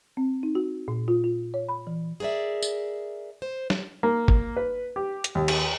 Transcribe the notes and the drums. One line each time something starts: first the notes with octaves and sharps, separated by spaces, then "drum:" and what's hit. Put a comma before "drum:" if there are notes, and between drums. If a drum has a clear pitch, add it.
C4
D#4
F#4
A#2
F4
F4
C#5
B5
E3
G#4 A#4 C5 D5 E5
drum: tambourine
C5
drum: snare
A#3
drum: kick
B4
G4
drum: hi-hat
D#2
drum: cymbal